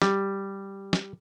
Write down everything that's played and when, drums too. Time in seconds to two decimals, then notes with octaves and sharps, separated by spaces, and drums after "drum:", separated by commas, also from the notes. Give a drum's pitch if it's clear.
0.02 G3, drum: snare
0.93 drum: snare